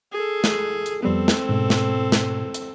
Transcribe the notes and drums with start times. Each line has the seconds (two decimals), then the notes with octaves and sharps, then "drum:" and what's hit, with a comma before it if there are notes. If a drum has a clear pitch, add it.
0.12 G#4 A4
0.44 drum: snare
0.86 drum: hi-hat
1.03 F2 G3 B3 C4 A4
1.28 drum: snare
1.49 G#2 B2
1.70 drum: snare
2.12 drum: snare
2.54 drum: hi-hat